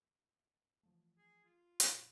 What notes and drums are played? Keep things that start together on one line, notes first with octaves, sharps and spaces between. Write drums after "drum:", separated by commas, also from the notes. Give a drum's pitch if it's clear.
E3 F3 A3
G#4
F4
A#1 F#2 A#2, drum: hi-hat